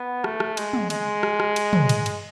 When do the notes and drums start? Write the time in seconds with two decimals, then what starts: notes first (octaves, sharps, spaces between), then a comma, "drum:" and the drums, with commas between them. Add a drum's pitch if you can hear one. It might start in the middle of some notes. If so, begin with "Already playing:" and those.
Already playing: B3
0.24 A3, drum: rim click
0.40 drum: rim click
0.57 G#3, drum: cymbal
0.73 drum: tom
0.90 G#3, drum: cymbal
1.23 drum: rim click
1.40 drum: rim click
1.56 drum: cymbal
1.73 drum: tom
1.89 drum: cymbal
2.06 drum: cymbal